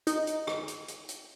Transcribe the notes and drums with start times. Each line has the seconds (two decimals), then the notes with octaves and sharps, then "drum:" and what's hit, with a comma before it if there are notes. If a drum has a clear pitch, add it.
0.07 D#4, drum: hi-hat
0.27 drum: hi-hat
0.47 drum: rim click
0.68 drum: hi-hat
0.88 drum: hi-hat
1.09 drum: hi-hat